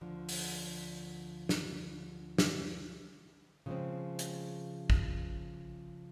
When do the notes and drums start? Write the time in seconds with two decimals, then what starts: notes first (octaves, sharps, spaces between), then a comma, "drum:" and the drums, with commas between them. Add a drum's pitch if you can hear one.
0.01 D2 D3 F3
0.29 drum: open hi-hat
1.49 drum: snare
2.38 drum: snare
3.66 C#3 F3 G#3 C4
4.19 drum: hi-hat
4.90 drum: kick